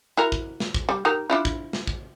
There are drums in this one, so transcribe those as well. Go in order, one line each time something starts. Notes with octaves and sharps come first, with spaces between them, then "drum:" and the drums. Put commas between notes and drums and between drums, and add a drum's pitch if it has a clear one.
E4 F#4 A#4
drum: kick
drum: snare
drum: kick
G3
D#4 G4 A#4
D4 E4 F4
drum: kick
drum: snare
drum: kick